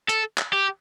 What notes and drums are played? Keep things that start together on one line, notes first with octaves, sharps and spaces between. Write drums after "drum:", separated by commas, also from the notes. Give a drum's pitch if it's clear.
A4, drum: hi-hat
drum: clap
G4